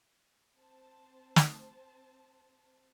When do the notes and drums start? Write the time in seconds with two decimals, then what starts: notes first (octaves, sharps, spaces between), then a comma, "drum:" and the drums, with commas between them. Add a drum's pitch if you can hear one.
0.57 C4 C5 A5
1.36 drum: snare